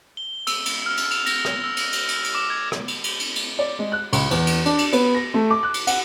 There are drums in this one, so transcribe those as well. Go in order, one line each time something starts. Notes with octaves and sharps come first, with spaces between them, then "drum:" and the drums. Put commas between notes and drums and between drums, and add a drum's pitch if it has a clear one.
G7
E6, drum: cymbal
drum: cymbal
F6
drum: cymbal
F7, drum: cymbal
A#6, drum: cymbal
drum: rim click
E6
drum: cymbal
drum: cymbal
drum: cymbal
drum: cymbal
D6
G#6
drum: rim click
drum: cymbal
drum: cymbal
drum: cymbal
drum: cymbal
D5
G#3
F#6
C#2, drum: cymbal
E2, drum: cymbal
drum: cymbal
D4, drum: cymbal
drum: cymbal
B3, drum: cymbal
A#6
A3
D6
F#6
drum: cymbal
F#5, drum: cymbal